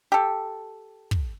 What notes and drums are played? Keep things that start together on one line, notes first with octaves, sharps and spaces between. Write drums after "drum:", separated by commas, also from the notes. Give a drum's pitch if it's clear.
G4 A4
drum: kick